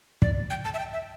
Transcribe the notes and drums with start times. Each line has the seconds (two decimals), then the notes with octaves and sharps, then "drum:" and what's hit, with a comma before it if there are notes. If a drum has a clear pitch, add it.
0.22 D5, drum: kick
0.50 G5
0.64 A5
0.74 E5
0.79 G5
0.93 E5